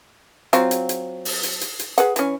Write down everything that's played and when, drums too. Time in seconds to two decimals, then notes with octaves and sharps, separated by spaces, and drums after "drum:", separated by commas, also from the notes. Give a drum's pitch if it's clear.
0.53 F#3 C4 F4, drum: hi-hat
0.71 drum: hi-hat
0.89 drum: hi-hat
1.25 drum: open hi-hat
1.43 drum: hi-hat
1.61 drum: hi-hat
1.79 drum: hi-hat
1.98 G#4 B4 F#5, drum: hi-hat
2.16 E3 C#4, drum: hi-hat